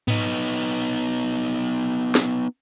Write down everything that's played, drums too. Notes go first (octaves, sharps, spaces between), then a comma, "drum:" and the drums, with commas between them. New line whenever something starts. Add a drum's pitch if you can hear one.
B3 D#4, drum: tom G#2
drum: snare